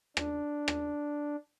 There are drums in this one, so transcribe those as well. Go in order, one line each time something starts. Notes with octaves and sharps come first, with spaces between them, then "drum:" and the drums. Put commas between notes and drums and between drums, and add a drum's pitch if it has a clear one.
D4, drum: rim click
drum: rim click